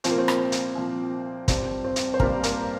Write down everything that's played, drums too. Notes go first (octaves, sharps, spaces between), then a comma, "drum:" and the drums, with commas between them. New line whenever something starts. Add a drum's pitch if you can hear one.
C2 A#2 F3 C4, drum: hi-hat
A#3
C4
drum: rim click
drum: hi-hat
C2 A#2 F3
G2 G3 C4, drum: kick, hi-hat
C4
drum: hi-hat
C5
G2 G3 A#3 A#4, drum: kick
A#3 A#4, drum: hi-hat